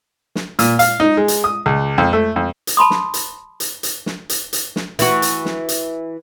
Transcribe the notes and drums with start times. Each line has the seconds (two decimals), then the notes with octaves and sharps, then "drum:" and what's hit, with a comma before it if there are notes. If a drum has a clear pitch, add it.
0.35 drum: snare
0.59 A#2, drum: hi-hat
0.79 F5, drum: hi-hat
1.00 D#4
1.17 G#3
1.28 drum: hi-hat
1.44 D#6
1.66 C#2
1.98 F2
2.13 A3
2.36 F2
2.67 drum: hi-hat
2.77 A5 B5 C6 D#6
2.90 drum: snare
3.14 drum: hi-hat
3.60 drum: hi-hat
3.83 drum: hi-hat
4.06 drum: snare
4.29 drum: hi-hat
4.53 drum: hi-hat
4.76 drum: snare
4.99 E3 F#4, drum: hi-hat
5.22 drum: hi-hat
5.45 drum: snare
5.69 drum: hi-hat